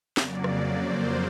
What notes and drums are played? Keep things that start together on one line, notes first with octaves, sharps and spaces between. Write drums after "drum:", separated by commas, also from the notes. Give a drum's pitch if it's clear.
F2 C#3 F#3 A#3 D5, drum: snare
drum: rim click
C5